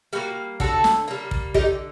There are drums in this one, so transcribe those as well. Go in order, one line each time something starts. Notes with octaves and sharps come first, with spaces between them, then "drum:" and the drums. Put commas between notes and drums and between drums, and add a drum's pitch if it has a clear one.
G3 A#3 F#4
D3 F#4 A4, drum: kick
drum: snare
G3 A#3
drum: kick
D3 D#4 G4, drum: kick